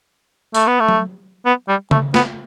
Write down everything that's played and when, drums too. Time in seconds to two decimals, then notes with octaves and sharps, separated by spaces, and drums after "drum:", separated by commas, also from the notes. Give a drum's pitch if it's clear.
0.54 A3, drum: tambourine
0.67 B3
0.79 A3
0.89 drum: tom F#3
1.46 B3
1.68 G3
1.91 A3, drum: tom C#3
2.14 B3, drum: snare